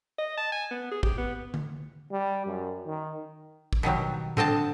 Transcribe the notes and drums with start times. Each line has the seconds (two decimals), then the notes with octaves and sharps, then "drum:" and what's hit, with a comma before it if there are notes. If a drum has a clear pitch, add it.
0.19 D#5
0.38 A5
0.52 G#5
0.71 B3
0.91 G#4
1.03 G4, drum: kick
1.18 B3
1.54 drum: tom D3
2.11 G3
2.46 F#2
2.86 D#3
3.73 drum: kick
3.83 B2 D#3 F#3 G3
4.37 D3 C4 D#5 A5, drum: tom A2